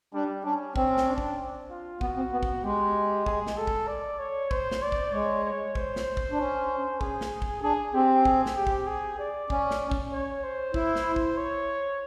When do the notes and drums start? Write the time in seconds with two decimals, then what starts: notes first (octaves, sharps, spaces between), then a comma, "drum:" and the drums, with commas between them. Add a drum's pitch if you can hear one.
0.14 G3 D4
0.44 C#4 D4
0.76 C4 C#4, drum: kick
0.97 drum: snare
1.07 D4
1.18 drum: kick
1.70 F4
2.01 B3 F#4, drum: kick
2.16 C4
2.32 B3
2.43 drum: kick
2.63 G#3 G4
3.26 G#4, drum: kick
3.47 drum: snare
3.57 A4
3.67 drum: kick
3.88 D5
4.19 C#5
4.51 C5, drum: kick
4.71 drum: snare
4.82 D5
4.92 drum: kick
5.13 G#3 C#5
5.45 C#5
5.75 C5, drum: kick
5.96 drum: snare
6.17 drum: kick
6.32 D4
6.38 C#4
7.01 G#4, drum: kick
7.21 drum: snare
7.42 drum: kick
7.62 D4 G#4
7.94 C4 G4
8.25 G#4, drum: kick
8.46 drum: snare
8.56 G4
8.67 drum: kick
8.87 G#4
9.19 D5
9.50 C#4, drum: kick
9.71 drum: snare
9.91 drum: kick
10.12 C#5
10.43 C5
10.74 E4, drum: kick
10.95 drum: snare
11.16 drum: kick
11.37 C#5